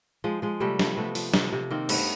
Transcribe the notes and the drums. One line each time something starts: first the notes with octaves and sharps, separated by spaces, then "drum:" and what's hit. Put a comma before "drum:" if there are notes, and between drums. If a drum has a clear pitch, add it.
F3 G#3
F3 G#3
C3 G3 A3
F3, drum: snare
C3 A3 B3
F3, drum: open hi-hat
C3, drum: snare
C3
D#3 A#3 C4
G2 A3 B3, drum: cymbal